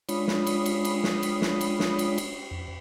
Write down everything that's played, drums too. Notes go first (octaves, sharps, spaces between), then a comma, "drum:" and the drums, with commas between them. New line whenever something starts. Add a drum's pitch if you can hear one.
G#3 D4 F4 C#5 B5 D#6, drum: cymbal
drum: snare
drum: cymbal
drum: cymbal
drum: cymbal
drum: snare
drum: cymbal
drum: snare
drum: cymbal
drum: snare
drum: cymbal
drum: cymbal
F2